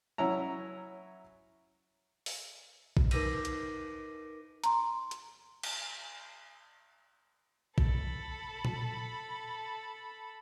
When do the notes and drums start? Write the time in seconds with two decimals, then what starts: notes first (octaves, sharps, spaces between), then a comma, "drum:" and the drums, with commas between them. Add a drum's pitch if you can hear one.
0.18 F#3 C#4 E4 A#5
2.26 drum: open hi-hat
2.97 drum: kick
3.11 D#4 A#4 B4 D6 A#6 D#7, drum: cymbal
3.45 drum: hi-hat
4.64 A#5 C6, drum: hi-hat
5.11 drum: hi-hat
5.63 drum: cymbal
7.78 A4 B5, drum: kick
8.65 drum: tom A#2